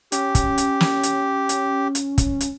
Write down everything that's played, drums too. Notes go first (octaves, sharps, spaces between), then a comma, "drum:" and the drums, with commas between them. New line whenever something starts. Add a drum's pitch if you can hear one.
C#4 G4, drum: hi-hat
drum: kick, hi-hat
drum: hi-hat
drum: snare
drum: hi-hat
drum: hi-hat
drum: hi-hat
drum: kick, hi-hat
drum: hi-hat